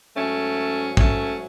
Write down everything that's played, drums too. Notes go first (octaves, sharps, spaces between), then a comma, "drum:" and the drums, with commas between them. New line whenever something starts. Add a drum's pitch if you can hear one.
G#2 F#3 A3 C#4
A3 C#4, drum: kick